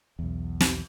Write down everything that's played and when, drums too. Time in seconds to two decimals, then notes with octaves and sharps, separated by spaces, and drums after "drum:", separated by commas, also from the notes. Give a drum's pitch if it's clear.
0.19 B1 E2
0.60 drum: snare